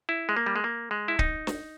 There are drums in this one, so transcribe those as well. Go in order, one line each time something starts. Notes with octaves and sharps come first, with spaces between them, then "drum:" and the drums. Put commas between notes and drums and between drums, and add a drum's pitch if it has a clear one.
E4
G#3
A#3
G3
G#3
A#3
G#3
E4
D#4, drum: kick C#1
drum: snare